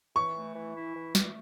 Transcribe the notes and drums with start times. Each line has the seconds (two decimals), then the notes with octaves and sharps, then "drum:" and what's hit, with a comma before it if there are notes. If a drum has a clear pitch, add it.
0.16 E3 C#6
0.36 A3
0.55 E3
0.76 E4
0.95 E3
1.15 A3, drum: snare